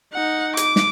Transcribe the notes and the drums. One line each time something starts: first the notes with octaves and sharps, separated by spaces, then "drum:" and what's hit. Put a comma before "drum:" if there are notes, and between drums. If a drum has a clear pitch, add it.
D#4 F#5
D6, drum: hi-hat
drum: snare